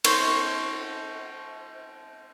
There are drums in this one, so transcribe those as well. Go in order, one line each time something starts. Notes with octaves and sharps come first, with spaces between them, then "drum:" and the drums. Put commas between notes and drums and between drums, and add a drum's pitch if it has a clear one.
C5 C#5, drum: cymbal